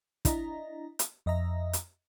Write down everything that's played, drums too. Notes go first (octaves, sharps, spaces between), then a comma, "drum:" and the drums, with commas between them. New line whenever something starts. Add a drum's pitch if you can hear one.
D4 E4 D#5 A#5, drum: kick, hi-hat
drum: hi-hat
F2 D#5 E5 A#5
drum: hi-hat